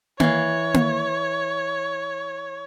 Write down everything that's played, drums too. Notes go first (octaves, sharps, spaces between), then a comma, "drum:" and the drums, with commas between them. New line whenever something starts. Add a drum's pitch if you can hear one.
E3 C#5 F5, drum: tom A#3
drum: tom A#3